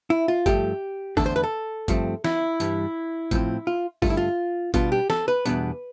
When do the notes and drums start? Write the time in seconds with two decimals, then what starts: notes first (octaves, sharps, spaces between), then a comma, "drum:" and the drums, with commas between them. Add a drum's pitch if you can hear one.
0.10 E4
0.28 F4
0.46 G2 F3 A3 G4, drum: kick G#1, hi-hat
1.17 E2 D3 A3 D4 A4, drum: kick G#1, open hi-hat
1.26 C5
1.36 B4
1.43 A4
1.88 G2 F3 A3 C4, drum: kick G#1, hi-hat
2.24 E4, drum: snare
2.60 G2 E3 G3, drum: hi-hat
3.31 A2 F3 C4, drum: kick G#1, hi-hat
3.67 F4
4.02 G2 D3 A3 F4, drum: kick G#1, open hi-hat
4.10 E4
4.17 F4
4.74 B2 G3 B3 D4 F4, drum: kick G#1, hi-hat
4.92 G4
5.10 A4, drum: snare
5.28 B4
5.46 E2 B2 G3 B3 D4, drum: hi-hat